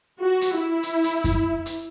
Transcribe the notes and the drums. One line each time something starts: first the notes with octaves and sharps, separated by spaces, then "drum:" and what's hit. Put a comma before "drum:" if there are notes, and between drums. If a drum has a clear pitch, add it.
F#4
drum: hi-hat
E4
drum: hi-hat
drum: hi-hat
drum: kick F#2, hi-hat
drum: hi-hat